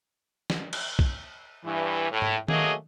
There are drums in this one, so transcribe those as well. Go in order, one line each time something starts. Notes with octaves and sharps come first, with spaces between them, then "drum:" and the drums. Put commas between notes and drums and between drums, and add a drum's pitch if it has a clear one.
drum: snare
drum: cymbal
drum: kick B1
G2 E3
A2
drum: tom G#2
F#3 A3 A#3 G#4 D#5, drum: tom D#3